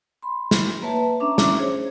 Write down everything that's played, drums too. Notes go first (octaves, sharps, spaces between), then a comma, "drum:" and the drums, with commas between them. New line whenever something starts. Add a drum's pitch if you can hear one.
B5 C6
drum: snare
A#3 B4 C#5 E5 A5
C#4 D4 E5 A#5 D6
drum: snare
G#4 C5 C#5